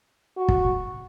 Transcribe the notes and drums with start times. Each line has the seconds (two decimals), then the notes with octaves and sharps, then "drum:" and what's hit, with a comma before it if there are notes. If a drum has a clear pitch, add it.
0.37 F#4
0.49 drum: kick